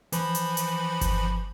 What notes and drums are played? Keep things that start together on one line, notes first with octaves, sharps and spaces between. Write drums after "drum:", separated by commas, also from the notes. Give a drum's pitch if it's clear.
E3 F3 B5, drum: hi-hat
drum: hi-hat
drum: hi-hat
drum: kick G1, hi-hat